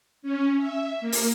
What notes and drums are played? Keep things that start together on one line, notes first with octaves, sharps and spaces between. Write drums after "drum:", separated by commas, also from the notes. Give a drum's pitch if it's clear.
C#4
E5
A#3
drum: open hi-hat